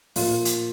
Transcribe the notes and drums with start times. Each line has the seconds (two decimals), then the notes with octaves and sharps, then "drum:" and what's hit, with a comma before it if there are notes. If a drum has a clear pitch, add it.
0.16 A#2 F3 F4, drum: open hi-hat
0.45 drum: hi-hat